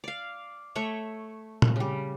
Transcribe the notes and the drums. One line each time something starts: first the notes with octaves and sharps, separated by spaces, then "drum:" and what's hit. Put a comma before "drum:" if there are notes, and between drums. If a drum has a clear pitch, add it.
D5 F5
A3 C#5 E5
drum: tom A#2
C#3 G3